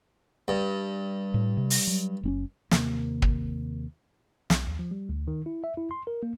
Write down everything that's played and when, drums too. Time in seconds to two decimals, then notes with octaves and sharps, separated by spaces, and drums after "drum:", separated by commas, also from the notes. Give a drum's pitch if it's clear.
0.48 G2
1.34 A2
1.57 C3
1.70 drum: open hi-hat
1.87 F#3
2.23 F#1 C4 C#4
2.71 D#2 C3 A#3, drum: snare
3.22 drum: kick
4.50 B1, drum: snare
4.67 D#2
4.79 F3
4.91 G3
5.09 D2
5.28 D#3
5.46 E4
5.64 E5
5.77 E4
5.91 C6
6.07 A#4
6.23 A#3